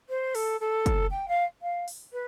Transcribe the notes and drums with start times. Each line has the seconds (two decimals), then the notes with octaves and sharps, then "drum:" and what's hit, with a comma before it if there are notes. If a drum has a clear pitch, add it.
0.09 C5
0.35 A4, drum: open hi-hat
0.60 A4
0.86 drum: kick, hi-hat
1.11 G5
1.28 F5
1.62 F5
1.88 drum: open hi-hat
2.13 B4